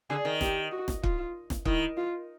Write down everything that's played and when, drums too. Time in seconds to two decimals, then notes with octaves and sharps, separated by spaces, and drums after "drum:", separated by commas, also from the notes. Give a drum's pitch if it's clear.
0.10 D3 G#4
0.25 D#3
0.41 G4, drum: snare
0.72 F#4
0.88 drum: snare
1.03 F4, drum: kick
1.50 drum: snare
1.65 D#3 E4, drum: kick
1.97 F4